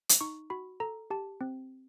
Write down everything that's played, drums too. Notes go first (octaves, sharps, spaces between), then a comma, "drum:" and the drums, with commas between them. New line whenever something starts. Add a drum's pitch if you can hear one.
drum: hi-hat
D#4 C#6
F#4 B5
A4 A#5
G4 A5
C4